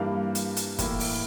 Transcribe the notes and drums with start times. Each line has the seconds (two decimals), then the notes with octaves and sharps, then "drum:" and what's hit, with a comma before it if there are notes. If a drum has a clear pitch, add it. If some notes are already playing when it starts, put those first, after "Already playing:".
Already playing: G2 E3 G3 A#3 F5
0.35 drum: hi-hat
0.57 drum: hi-hat
0.78 A2 E3 A#3 E4, drum: kick, hi-hat
1.00 drum: open hi-hat